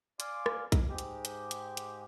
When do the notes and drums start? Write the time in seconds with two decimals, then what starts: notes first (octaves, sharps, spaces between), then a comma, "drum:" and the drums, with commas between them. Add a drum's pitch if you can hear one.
0.20 D5 F5 G#5 C6 D6, drum: hi-hat
0.46 drum: rim click
0.72 drum: kick A#1, hi-hat
0.89 G#2 G#3 G4
0.98 drum: hi-hat
1.25 drum: hi-hat
1.51 drum: hi-hat
1.77 drum: hi-hat